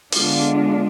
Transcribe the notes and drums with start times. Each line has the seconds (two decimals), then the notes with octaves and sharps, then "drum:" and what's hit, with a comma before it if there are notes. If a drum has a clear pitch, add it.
0.12 D3 G#3 B3 D4 F4, drum: open hi-hat